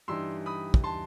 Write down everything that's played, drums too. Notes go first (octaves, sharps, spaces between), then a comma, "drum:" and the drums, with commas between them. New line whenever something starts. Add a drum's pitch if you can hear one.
G2 E3 G3 D#4 C6 E6
B5 D#6
drum: kick
A5 C6